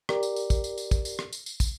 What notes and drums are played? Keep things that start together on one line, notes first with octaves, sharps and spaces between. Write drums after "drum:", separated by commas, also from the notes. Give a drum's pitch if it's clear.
G4 A#4 D5, drum: rim click
drum: tambourine
drum: tambourine
drum: kick, tambourine
drum: tambourine
drum: tambourine
drum: kick, tambourine
drum: tambourine
drum: rim click
drum: tambourine
drum: tambourine
drum: kick, tambourine